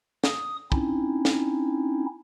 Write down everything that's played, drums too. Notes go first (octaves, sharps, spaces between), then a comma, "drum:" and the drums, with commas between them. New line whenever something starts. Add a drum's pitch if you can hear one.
D#6, drum: snare
C4 C#4 D#4 E4, drum: kick
drum: snare